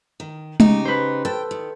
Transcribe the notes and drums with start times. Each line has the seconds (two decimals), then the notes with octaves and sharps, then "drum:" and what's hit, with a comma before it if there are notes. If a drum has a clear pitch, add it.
0.20 D#3
0.60 C#3 D#4 G4, drum: tom G#3
0.85 B4 C5
1.25 A4 G5
1.51 D#3